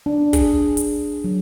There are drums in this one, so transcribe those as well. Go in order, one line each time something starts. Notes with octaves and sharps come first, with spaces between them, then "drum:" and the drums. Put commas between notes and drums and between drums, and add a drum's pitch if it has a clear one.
D4
G#4, drum: kick, hi-hat
drum: hi-hat
F#3